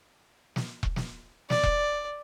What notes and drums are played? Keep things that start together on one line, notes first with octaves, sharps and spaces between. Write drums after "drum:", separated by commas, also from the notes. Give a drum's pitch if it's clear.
drum: snare
drum: kick E1
drum: snare
D5, drum: snare
drum: kick E1